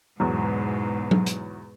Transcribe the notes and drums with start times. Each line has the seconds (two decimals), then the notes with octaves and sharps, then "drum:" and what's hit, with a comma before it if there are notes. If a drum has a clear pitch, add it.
0.20 E2 G#2 B2 F#3
1.11 drum: tom F#3
1.26 drum: hi-hat